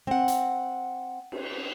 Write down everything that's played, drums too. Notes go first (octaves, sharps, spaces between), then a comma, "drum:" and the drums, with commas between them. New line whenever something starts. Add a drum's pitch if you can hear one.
C4 F#5
drum: hi-hat
drum: cymbal